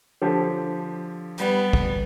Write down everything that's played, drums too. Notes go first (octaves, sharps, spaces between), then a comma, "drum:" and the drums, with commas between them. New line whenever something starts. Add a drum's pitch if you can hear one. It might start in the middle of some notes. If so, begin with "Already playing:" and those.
D3 F3 G4
G3 B3, drum: hi-hat
drum: kick